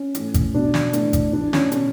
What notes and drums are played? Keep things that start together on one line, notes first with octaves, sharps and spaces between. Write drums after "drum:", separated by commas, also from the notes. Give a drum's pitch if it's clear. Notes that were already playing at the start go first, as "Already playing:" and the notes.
Already playing: C#4
A2 E3, drum: hi-hat
drum: kick G#1, hi-hat
B2 D4
drum: snare
A2 E3 D4, drum: hi-hat
drum: kick G#1, hi-hat
A2 E3 D4
C#4, drum: snare
B2 C#4, drum: hi-hat